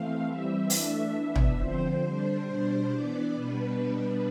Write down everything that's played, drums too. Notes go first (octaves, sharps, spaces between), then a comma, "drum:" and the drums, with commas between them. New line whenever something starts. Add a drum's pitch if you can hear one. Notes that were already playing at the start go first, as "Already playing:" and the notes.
Already playing: E3 A3 C4 F5
E3 G3 C4 E5
E3 A3 D4, drum: open hi-hat
E3 B3 D4
drum: tom
D3 F3 C4 C5
D3 G3 D4
B2 G3 D4 C5
E3 B3 D4 D5
B2 G3 B3 D4 B4